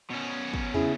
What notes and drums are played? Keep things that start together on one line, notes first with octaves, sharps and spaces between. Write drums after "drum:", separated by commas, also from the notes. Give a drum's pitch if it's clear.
B2 C#4
drum: kick
C#3 E4 G#4, drum: tom